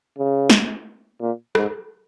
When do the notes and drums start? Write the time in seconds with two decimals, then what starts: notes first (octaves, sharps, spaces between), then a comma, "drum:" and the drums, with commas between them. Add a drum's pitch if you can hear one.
0.18 C#3
0.50 drum: snare
1.21 A#2
1.55 G#2, drum: rim click